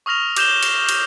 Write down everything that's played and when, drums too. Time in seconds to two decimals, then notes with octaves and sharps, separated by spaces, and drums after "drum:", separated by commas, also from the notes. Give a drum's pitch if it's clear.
0.06 C#6 D#6 F6 A#6 F7
0.36 D6 G6 E7 G7, drum: cymbal
0.63 drum: cymbal
0.89 drum: cymbal